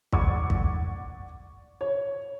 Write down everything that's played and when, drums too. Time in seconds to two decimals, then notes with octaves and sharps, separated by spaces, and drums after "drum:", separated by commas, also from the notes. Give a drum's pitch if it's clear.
0.12 D5 F#5 C#6 D6 G#6, drum: kick
0.50 drum: kick
1.81 C#5